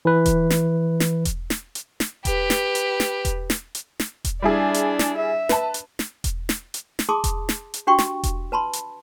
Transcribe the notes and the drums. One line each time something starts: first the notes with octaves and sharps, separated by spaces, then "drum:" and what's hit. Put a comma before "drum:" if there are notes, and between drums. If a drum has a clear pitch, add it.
E3 B4
drum: kick E1, hi-hat
drum: snare
drum: snare
drum: kick E1, hi-hat
drum: snare
drum: hi-hat
drum: snare
G4 B4, drum: kick E1, hi-hat
drum: snare
drum: hi-hat
drum: snare
drum: kick E1, hi-hat
drum: snare
drum: hi-hat
drum: snare
drum: kick E1, hi-hat
G3 D4 E4 G#4
drum: hi-hat
drum: snare
E5
B4 A5, drum: snare
drum: hi-hat
drum: snare
drum: kick E1, hi-hat
drum: snare
drum: hi-hat
drum: snare
G#4 A5 C6 D6 D#6
drum: kick E1, hi-hat
drum: snare
drum: hi-hat
D4 F#4 G4 G5 C6 C#6
drum: snare
drum: kick E1, hi-hat
B4 A5 B5 C6
drum: hi-hat